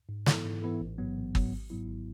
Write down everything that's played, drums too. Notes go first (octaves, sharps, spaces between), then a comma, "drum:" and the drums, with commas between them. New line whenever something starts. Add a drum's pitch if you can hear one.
G#2
E3 B3 E4 A4, drum: snare
G#2
E3 B3 E4 A4
A1
G#2 F#3 B3
A1
G#2 F#3 B3, drum: kick G1
G#1
G#2 F#3 B3 E4
G#1